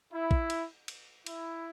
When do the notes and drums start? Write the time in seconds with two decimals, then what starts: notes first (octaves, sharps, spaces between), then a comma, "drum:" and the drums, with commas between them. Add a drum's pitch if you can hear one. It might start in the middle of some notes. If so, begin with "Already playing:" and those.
0.12 E4
0.31 drum: kick
0.50 drum: cymbal
0.88 drum: cymbal
1.26 E4, drum: cymbal